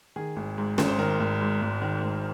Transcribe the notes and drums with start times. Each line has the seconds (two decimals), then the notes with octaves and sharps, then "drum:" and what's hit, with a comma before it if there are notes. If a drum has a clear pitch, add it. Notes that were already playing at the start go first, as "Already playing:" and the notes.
0.16 D#3 G#4
0.36 G#1
0.58 G#2
0.78 G#1, drum: snare
0.88 C5
0.98 D#3 A#4
1.20 G#1
1.41 G#2
1.62 G#1
1.82 D#3
2.02 G#1